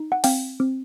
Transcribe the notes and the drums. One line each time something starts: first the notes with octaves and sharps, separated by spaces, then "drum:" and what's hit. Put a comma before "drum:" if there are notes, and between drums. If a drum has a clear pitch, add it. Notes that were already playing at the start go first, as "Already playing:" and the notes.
Already playing: D#4
F#5
C4 F5 G5, drum: open hi-hat
C4